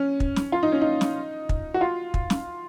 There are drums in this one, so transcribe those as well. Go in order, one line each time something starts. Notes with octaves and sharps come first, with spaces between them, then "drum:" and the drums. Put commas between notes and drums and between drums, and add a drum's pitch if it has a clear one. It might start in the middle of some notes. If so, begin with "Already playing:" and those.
Already playing: C#4
drum: kick
drum: snare
F4
D#4
C#4
D#4
drum: snare
drum: kick
F#4
F4
drum: kick
drum: snare